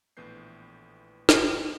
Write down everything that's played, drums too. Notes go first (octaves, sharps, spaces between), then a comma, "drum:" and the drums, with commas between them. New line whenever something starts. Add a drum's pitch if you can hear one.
A#1 A2 E3 B3 G6 C7
drum: snare